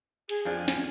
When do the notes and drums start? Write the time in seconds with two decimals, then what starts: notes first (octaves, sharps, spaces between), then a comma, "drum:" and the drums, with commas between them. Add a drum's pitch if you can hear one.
0.29 G#4, drum: cymbal
0.45 F2 F3 D4 G#5
0.68 drum: snare